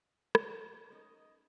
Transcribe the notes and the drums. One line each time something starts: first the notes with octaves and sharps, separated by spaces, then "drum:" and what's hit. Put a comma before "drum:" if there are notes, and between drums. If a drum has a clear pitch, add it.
drum: rim click
C#4 D#4 D#5